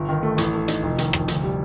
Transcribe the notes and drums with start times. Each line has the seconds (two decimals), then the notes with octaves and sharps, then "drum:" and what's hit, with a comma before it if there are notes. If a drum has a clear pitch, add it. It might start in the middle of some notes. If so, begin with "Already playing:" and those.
Already playing: G1
0.09 D#3
0.23 A3
0.38 A1, drum: hi-hat
0.53 A3
0.68 D#4, drum: hi-hat
0.83 F1
0.98 D#3, drum: hi-hat
1.13 F1, drum: rim click
1.28 D2, drum: hi-hat
1.43 G3